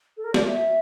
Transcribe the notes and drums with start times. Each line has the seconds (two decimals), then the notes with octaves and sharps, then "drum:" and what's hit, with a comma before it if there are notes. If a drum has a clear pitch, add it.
0.17 A4
0.24 A#4
0.34 D5, drum: snare
0.46 E5